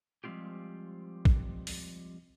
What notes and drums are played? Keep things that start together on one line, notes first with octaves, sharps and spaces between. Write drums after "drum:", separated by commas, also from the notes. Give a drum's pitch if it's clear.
F3 G3 G#3 C4 F4 G4
drum: kick
drum: open hi-hat